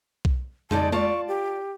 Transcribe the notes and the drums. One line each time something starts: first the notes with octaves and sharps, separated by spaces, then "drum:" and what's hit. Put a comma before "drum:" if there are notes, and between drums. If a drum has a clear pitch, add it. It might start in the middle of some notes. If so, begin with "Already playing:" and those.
drum: kick B1
G#3 D#4 D5 A5, drum: tom
F4 D5 A5 C#6, drum: tom
G4